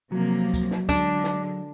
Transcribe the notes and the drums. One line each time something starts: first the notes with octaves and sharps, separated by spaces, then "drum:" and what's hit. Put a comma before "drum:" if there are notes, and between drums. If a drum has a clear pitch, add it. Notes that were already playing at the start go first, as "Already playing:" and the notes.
C3 F3 F#3 A#3
drum: kick, tambourine
drum: snare
D3 G#3 D4, drum: kick, tambourine
drum: snare